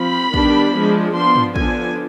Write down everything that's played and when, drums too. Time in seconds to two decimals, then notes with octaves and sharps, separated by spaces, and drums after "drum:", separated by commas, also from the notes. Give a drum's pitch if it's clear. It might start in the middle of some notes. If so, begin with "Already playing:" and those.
Already playing: F3 C4 B5
0.34 D#3 G3 B3 D4, drum: kick
0.75 F3 G#3 D4
1.15 F3 B3 D4 C6
1.36 drum: tom
1.56 D3 F3 B3 D4 G#5, drum: kick